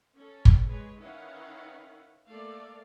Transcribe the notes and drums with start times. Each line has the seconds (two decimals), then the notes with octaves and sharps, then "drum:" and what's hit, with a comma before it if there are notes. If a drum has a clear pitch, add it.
0.16 C#4 A4
0.45 drum: kick
0.66 G#3 G#4 B4 C#5
1.00 D#3 C#4 E4 B4 F5 F#5
2.29 A3 A#3 A4 D5 F5